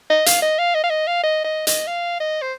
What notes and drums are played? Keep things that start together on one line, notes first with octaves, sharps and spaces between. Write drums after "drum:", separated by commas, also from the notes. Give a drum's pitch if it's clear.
D#5
F5, drum: hi-hat
D#5
F5
D#5
F5
D#5
F5
D#5
D#5
D#5, drum: hi-hat
F5
D#5
C5